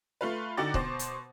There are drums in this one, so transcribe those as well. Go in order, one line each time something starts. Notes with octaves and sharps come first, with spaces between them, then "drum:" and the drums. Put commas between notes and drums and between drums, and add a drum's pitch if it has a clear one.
A3 F4 B4
D3 D#4 F#4 G5 D6 A6
B2 C5 D6, drum: kick
drum: hi-hat